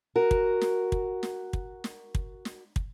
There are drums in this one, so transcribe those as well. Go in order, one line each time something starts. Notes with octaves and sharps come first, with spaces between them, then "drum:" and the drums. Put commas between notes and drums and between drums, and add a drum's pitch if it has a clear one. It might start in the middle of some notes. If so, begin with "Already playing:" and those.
F#4 A#4
drum: kick
drum: snare
drum: kick
drum: snare
drum: kick
drum: snare
drum: kick
drum: snare
drum: kick